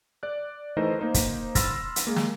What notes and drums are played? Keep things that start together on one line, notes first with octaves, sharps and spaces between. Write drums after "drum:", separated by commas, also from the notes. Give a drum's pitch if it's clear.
D5 F#6
E3 A3 D#4 A#4 C5 D#5
A#3 D#4 C5
drum: kick, hi-hat
B5 C6 E6 F6 A6 A#6, drum: kick, hi-hat
drum: hi-hat
G#3 A#3
drum: snare